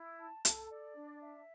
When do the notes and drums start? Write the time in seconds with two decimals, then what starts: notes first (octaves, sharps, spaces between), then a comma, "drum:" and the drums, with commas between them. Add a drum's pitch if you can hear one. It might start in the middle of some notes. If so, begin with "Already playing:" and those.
Already playing: E4
0.19 A5
0.45 A4, drum: hi-hat
0.70 D5
0.95 D4
1.21 E5